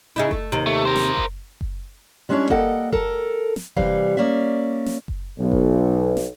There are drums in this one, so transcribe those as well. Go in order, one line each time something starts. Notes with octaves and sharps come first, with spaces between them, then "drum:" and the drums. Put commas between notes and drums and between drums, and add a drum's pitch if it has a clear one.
C#3 D#4 E4
A3, drum: kick F#1
D#2 C3
A3
A#4 C5
drum: snare
drum: kick F#1
drum: kick F#1
G3 G#3 C#4 D4 E4 C#5
A#3 A4 D#5 F#5 G5, drum: kick F#1
A4 A#4, drum: kick F#1
drum: snare
C3 E3 G3 F5, drum: kick F#1
A#3 C#4 D5 E5
drum: snare
drum: kick F#1
B1
drum: kick F#1
drum: snare